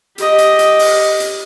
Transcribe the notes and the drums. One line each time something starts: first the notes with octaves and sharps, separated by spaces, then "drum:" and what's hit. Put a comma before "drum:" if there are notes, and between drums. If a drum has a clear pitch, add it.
G4 D#5, drum: hi-hat
drum: hi-hat
drum: hi-hat
drum: open hi-hat
drum: hi-hat